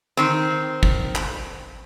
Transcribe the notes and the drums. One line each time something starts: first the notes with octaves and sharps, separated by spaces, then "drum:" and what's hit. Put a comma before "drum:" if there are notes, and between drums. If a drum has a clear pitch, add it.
D#3 C4
drum: kick
drum: clap